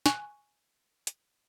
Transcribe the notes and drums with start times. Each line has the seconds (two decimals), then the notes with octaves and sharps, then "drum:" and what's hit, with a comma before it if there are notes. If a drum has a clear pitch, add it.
0.06 G#5 C#6 F#6, drum: snare
1.07 drum: hi-hat